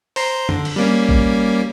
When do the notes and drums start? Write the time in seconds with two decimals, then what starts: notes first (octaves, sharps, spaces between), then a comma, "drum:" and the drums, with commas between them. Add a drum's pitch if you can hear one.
0.16 C5 A#5 C6, drum: open hi-hat
0.49 D3, drum: tom F#2
0.65 drum: cymbal
0.76 G3 A#3 C#4
1.09 drum: kick